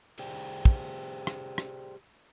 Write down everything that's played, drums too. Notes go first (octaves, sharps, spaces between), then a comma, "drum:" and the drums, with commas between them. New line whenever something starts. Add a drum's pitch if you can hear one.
G4 G#4 C5 D5 G5
drum: kick
drum: rim click
drum: rim click